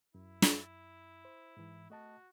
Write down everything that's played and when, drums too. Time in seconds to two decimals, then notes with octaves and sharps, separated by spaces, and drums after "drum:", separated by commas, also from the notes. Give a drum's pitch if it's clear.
0.15 F#2 E4
0.42 drum: snare
1.25 C5
1.57 G#2 E3
1.90 A3 F#4 D#5 A5